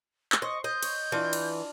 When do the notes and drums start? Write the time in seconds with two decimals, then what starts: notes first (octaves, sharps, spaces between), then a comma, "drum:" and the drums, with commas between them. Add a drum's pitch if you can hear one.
0.32 drum: clap
0.42 C5 D#5 C#6
0.64 D#5 G6
0.83 C#5, drum: cymbal
1.12 E3 D4 F4 D#5
1.33 drum: cymbal